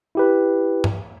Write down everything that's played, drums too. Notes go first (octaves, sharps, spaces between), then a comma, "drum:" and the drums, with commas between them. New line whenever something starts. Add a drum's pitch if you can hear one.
E4 G4 B4
drum: tom G2